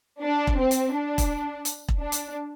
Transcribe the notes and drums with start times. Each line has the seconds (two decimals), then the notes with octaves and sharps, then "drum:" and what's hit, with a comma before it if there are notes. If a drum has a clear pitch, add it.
0.23 D4
0.47 drum: kick E1
0.60 C4
0.71 drum: hi-hat
0.95 D4
1.18 drum: kick E1, hi-hat
1.65 drum: hi-hat
1.88 drum: kick E1
2.01 D4
2.12 drum: hi-hat